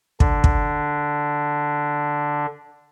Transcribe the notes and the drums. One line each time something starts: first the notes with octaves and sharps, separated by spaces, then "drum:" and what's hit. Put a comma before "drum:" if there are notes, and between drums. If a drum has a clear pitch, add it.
D3 D4, drum: kick
drum: kick